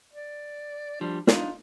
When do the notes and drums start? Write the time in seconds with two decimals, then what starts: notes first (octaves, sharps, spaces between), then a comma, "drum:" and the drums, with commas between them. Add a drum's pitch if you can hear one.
0.14 D5
1.01 F3 G3 D4
1.27 D4 D#4 F4, drum: snare